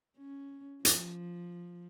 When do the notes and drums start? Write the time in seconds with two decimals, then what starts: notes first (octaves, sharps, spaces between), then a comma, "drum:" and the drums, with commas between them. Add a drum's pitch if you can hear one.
0.18 C#4
0.85 F3, drum: hi-hat